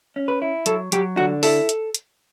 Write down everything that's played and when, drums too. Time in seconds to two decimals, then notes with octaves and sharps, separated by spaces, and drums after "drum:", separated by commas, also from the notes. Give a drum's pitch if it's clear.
0.16 C#4
0.28 B4
0.42 E4
0.66 F#3 A4, drum: hi-hat
0.92 F#3 G4, drum: hi-hat
1.17 D3 F#4
1.43 E4 A4, drum: open hi-hat
1.69 drum: hi-hat
1.94 drum: hi-hat